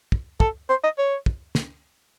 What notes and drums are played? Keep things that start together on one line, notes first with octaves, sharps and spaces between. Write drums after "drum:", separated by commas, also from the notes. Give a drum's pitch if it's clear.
drum: kick
A4, drum: kick
C5
D#5
C#5
drum: kick
drum: snare